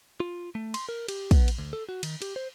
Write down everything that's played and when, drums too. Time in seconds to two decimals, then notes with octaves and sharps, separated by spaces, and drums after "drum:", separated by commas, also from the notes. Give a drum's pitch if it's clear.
0.20 F4
0.55 A3
0.74 C6, drum: cymbal
0.89 A#4
1.08 G4, drum: cymbal
1.31 B3, drum: kick, cymbal
1.48 drum: cymbal
1.58 D2
1.73 A4
1.89 F#4
2.03 D#3, drum: cymbal
2.22 G4, drum: cymbal
2.36 C5